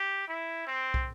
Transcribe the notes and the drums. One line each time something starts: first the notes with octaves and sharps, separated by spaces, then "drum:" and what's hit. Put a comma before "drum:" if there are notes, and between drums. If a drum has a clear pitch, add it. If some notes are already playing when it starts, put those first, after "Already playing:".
Already playing: G4
E4
C4
drum: kick